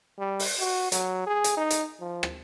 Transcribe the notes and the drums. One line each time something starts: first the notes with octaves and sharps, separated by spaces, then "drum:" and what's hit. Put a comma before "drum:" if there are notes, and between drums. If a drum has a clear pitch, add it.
G3
drum: open hi-hat
F#4
F#3, drum: hi-hat
G#4
drum: hi-hat
D#4
drum: hi-hat
F3
drum: rim click